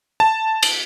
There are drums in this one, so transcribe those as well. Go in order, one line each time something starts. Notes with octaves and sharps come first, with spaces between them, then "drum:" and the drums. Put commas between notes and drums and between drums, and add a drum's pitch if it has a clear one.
A5
drum: cymbal